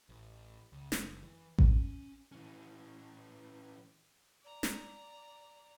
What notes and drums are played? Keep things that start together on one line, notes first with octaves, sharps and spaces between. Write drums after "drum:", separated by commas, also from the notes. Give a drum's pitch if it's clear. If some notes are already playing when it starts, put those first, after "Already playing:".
A1
C#2
F#1, drum: snare
E3
C#4, drum: kick A1
E3 C#4
D5 A#5
drum: snare